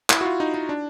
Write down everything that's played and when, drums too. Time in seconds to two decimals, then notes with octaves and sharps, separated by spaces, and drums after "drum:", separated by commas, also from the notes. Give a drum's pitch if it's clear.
0.10 E4, drum: clap
0.21 F#4
0.25 F4
0.40 D#4
0.54 D#4
0.69 D4